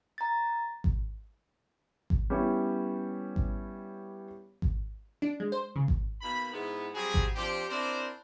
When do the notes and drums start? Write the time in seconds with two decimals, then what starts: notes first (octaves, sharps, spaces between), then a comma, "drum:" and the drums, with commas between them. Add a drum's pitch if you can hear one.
0.18 A#5 A6
0.84 drum: kick G#1
2.10 drum: kick G#1
2.30 G3 B3 C#4 E4 G4 C#5
3.36 drum: kick G#1
4.62 drum: kick G#1
5.22 D4
5.40 G#3
5.52 C5
5.76 C#3
5.88 drum: kick G#1
6.22 B2 D#3 A#3 B5
6.53 G#2 B3 E4
6.94 F#3 G3 C4 F#4 G#4
7.14 drum: kick G#1
7.35 F3 C4 D4 G4
7.69 C4 D4 E4 A#4 C5 D5